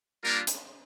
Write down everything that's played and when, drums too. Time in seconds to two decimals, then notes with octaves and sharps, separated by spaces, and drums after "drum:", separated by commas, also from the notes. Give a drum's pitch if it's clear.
0.23 G3 A#3 D4 F4 A#4
0.47 drum: hi-hat